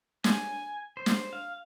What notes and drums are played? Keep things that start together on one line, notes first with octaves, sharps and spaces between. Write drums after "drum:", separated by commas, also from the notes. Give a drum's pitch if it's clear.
G#5, drum: snare
C5
drum: snare
F5